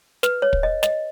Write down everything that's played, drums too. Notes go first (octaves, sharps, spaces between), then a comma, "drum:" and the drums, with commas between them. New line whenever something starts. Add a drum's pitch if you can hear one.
B4, drum: snare
C#5
drum: kick
D#5
D#5, drum: snare